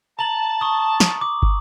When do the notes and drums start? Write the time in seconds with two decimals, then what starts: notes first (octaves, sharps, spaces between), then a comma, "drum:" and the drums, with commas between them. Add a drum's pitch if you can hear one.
0.19 A5 A#5 F#7
0.61 C#6 D#6
1.00 drum: snare
1.21 D6
1.42 drum: kick